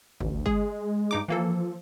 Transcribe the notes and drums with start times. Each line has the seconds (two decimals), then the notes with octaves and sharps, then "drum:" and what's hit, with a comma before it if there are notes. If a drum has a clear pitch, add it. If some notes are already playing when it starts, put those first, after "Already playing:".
0.20 A1 D2, drum: kick G1
0.46 G#3 G#4, drum: kick G1
1.11 G2 D#4 D6
1.28 E3 F3 A#3 A4